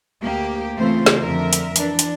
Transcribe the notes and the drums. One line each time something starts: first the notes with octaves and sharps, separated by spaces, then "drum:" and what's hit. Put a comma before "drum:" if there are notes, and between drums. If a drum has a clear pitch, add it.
D2 A#3 G4
C#3 E3 A3 C4 F4 C5
drum: snare
F2 D3 A#4 E5
drum: hi-hat
E3 D4, drum: hi-hat
drum: hi-hat